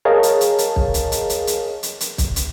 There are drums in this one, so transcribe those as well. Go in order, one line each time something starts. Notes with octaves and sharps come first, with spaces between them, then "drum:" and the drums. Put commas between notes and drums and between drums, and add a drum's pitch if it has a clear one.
G#4 A#4 C#5 D#5 F5 A5
drum: hi-hat
drum: hi-hat
drum: hi-hat
drum: kick
drum: hi-hat
drum: hi-hat
drum: hi-hat
drum: hi-hat
drum: hi-hat
drum: hi-hat
drum: kick, hi-hat
drum: hi-hat